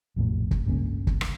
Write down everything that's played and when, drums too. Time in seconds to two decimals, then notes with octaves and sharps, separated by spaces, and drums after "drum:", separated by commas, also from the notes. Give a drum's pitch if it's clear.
0.16 A#1 F2 A2 C3
0.51 drum: kick
0.65 C#2 G2 C#3 A#3
1.07 drum: kick
1.21 drum: rim click